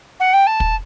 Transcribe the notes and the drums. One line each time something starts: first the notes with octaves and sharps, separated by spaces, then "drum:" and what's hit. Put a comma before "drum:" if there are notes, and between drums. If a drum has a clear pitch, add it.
F#5
G5
A5
drum: kick